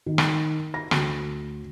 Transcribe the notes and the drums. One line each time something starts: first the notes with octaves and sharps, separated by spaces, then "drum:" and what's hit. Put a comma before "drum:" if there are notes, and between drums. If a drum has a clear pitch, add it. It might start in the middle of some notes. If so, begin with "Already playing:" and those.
D#3
drum: rim click
A#6
D2, drum: rim click